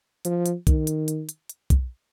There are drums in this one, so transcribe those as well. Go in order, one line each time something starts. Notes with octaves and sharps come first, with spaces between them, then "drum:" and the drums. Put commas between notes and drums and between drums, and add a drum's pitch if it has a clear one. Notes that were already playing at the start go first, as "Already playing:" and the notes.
F3, drum: hi-hat
drum: hi-hat
D#3, drum: kick, hi-hat
drum: hi-hat
drum: hi-hat
drum: hi-hat
drum: hi-hat
drum: kick, hi-hat